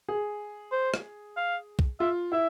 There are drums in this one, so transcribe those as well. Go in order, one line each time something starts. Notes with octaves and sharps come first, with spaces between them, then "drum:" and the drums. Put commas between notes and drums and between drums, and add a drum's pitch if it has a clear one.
G#4
C5
drum: rim click
F5
drum: kick
F4 E5
E4 E5